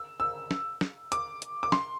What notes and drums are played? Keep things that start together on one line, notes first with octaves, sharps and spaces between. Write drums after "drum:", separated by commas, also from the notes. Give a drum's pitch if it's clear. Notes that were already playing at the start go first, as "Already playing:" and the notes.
Already playing: E6
E6
drum: snare
drum: snare
D6, drum: hi-hat
drum: hi-hat
D6
C6, drum: snare